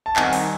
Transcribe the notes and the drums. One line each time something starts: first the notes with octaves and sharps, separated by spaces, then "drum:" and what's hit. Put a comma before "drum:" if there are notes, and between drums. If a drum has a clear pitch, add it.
A5
D#3 G3 C4 D#4 F#5 G#5, drum: clap
drum: open hi-hat